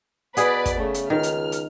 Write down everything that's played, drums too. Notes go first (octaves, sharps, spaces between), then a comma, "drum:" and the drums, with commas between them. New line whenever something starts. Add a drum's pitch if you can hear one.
B2 B3 G#4 B4 D5, drum: hi-hat
drum: kick, hi-hat
C#3 A3
drum: hi-hat
C#2 D#3 F6
drum: hi-hat
drum: hi-hat